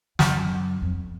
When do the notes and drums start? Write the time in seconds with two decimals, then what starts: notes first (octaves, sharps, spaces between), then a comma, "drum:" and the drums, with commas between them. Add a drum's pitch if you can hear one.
0.19 F#2, drum: snare
0.82 F2